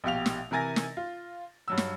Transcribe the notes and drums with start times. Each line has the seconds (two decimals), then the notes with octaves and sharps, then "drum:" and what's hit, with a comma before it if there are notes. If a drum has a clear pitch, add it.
0.04 A#1 B2 G4 F5 F7
0.26 drum: snare
0.51 C3 E3 A#4 G#5 A6 A#6
0.76 drum: snare
0.97 F4
1.68 G2 F#3 E6
1.78 drum: snare